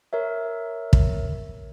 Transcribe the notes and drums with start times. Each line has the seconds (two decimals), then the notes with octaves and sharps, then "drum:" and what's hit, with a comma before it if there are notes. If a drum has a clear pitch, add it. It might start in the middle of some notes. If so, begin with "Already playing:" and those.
0.13 A#4 C#5 E5
0.93 drum: kick